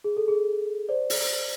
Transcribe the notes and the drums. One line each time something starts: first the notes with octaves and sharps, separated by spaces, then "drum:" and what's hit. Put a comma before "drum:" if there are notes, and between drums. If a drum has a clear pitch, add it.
G#4
A4
G#4
C5 D5
drum: open hi-hat